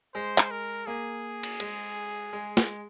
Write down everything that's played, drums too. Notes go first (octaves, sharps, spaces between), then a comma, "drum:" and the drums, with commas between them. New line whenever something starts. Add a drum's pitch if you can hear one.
G#3 C5
drum: clap
A#4
A#3 G#4
drum: cymbal
G#3, drum: hi-hat
G#3
G#3, drum: snare